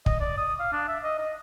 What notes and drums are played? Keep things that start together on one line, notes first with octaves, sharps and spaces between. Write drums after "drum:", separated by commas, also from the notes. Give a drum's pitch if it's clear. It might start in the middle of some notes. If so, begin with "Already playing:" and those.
D#5, drum: kick
D5
D#6
F5
D4
E5
D#5
D#5